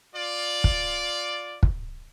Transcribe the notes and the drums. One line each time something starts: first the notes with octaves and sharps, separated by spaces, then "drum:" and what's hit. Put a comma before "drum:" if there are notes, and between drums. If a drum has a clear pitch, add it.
F4 D5
drum: kick
drum: kick